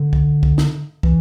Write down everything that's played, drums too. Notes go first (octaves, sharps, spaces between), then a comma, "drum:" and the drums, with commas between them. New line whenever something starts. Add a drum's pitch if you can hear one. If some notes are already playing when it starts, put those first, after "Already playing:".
Already playing: D3
drum: kick
drum: kick
drum: snare
E3, drum: kick